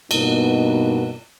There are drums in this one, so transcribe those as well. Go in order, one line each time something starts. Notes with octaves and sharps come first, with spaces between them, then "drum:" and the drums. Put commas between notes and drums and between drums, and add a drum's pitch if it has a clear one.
G2 B2 A#3 B3 D#4, drum: cymbal